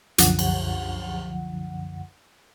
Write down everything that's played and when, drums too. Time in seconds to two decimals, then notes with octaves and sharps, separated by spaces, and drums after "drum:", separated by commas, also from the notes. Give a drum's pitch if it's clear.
0.18 C2 F#2 D3 F3 F#5, drum: hi-hat
0.39 drum: cymbal